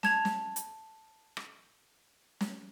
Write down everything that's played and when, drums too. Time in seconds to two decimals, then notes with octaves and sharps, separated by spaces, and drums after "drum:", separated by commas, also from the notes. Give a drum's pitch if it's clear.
0.03 A5 G#6 F7, drum: snare
0.25 drum: snare
0.56 drum: hi-hat
1.37 drum: rim click
2.41 drum: snare